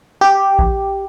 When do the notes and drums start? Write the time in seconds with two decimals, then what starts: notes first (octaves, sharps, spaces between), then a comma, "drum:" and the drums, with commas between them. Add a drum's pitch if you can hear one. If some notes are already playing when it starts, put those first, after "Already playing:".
0.21 G4
0.59 drum: kick A#1